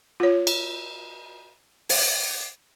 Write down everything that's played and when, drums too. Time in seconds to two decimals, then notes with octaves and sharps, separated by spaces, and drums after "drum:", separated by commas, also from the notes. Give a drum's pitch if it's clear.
0.20 F4 C#5
0.47 drum: cymbal
1.89 drum: open hi-hat